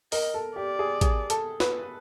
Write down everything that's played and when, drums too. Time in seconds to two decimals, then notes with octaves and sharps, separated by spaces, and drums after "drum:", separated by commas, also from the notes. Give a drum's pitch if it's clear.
0.12 A#4 D#5, drum: open hi-hat
0.34 A4
0.56 G4 D5
0.79 G#4
1.01 G#4, drum: kick, hi-hat
1.30 A4, drum: hi-hat
1.60 B4, drum: snare